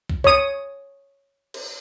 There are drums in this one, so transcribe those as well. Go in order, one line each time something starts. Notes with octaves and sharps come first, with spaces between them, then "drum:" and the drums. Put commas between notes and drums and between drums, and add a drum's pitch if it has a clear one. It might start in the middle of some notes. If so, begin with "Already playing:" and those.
drum: kick
C#5 D#6, drum: kick
drum: cymbal